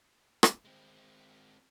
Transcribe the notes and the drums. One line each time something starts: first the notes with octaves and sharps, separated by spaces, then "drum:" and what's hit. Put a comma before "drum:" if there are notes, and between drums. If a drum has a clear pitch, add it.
drum: rim click
G#3 C4